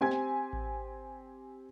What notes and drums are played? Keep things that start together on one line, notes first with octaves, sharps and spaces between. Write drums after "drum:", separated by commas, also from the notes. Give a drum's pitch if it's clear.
C4 G4 G#5 G#6
drum: snare
drum: kick A1